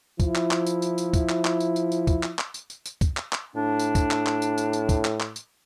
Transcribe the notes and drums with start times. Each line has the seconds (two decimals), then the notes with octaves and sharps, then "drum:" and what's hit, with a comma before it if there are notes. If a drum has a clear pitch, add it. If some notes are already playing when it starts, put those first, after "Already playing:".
0.20 F3 E4, drum: kick, tambourine
0.35 drum: clap
0.51 drum: clap
0.67 drum: tambourine
0.82 drum: tambourine
0.98 drum: tambourine
1.13 drum: kick, tambourine
1.29 drum: clap
1.45 drum: clap
1.60 drum: tambourine
1.76 drum: tambourine
1.92 drum: tambourine
2.07 drum: kick, tambourine
2.23 drum: clap
2.39 drum: clap
2.54 drum: tambourine
2.70 drum: tambourine
2.86 drum: tambourine
3.01 drum: kick, tambourine
3.17 drum: clap
3.32 drum: clap
3.56 A2 D4
3.79 drum: tambourine
3.95 drum: kick, tambourine
4.11 drum: clap
4.26 drum: clap
4.42 drum: tambourine
4.58 drum: tambourine
4.73 drum: tambourine
4.89 drum: kick, tambourine
5.05 drum: clap
5.20 drum: clap
5.36 drum: tambourine